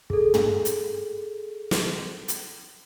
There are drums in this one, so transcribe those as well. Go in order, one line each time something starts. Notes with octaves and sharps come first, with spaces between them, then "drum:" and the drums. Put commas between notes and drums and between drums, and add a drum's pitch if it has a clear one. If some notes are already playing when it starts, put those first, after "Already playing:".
G#4 A4, drum: kick
drum: tom
drum: hi-hat
drum: snare
drum: hi-hat